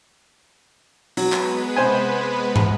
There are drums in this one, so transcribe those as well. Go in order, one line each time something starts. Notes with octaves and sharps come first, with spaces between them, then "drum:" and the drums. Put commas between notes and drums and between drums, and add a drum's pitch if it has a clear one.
F#3 G#3 B3 B4, drum: open hi-hat
drum: clap
C3 C5 G#5
drum: tom